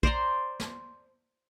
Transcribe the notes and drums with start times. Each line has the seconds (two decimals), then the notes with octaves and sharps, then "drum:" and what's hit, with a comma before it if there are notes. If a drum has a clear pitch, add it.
0.03 C5 D5 A#5 C6, drum: kick A#1
0.60 drum: snare